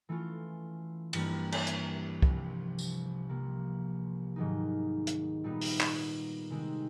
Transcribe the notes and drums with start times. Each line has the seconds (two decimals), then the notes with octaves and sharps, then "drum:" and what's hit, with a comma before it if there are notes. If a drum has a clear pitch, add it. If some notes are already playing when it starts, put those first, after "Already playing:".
0.09 E3 A3 C#4 F4
1.13 G2 E3 G3 A#3 D4, drum: cymbal
1.52 drum: cymbal
1.67 drum: hi-hat
2.22 C2 C3 F3, drum: kick C2
2.79 drum: tambourine
3.29 C3 F3 A#3
4.36 G#2 D#3 F#3 A#3 D#4
5.07 drum: hi-hat
5.44 A#2 G3 B3 D#4
5.61 drum: open hi-hat
5.80 drum: clap
6.50 C3 D#3 G#3 C4 D#4